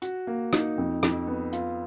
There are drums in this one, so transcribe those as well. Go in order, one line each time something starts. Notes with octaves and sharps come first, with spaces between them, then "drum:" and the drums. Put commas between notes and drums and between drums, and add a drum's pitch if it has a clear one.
F#4, drum: hi-hat
A#3
D#4, drum: rim click
F2
F2, drum: rim click
B3
F4, drum: hi-hat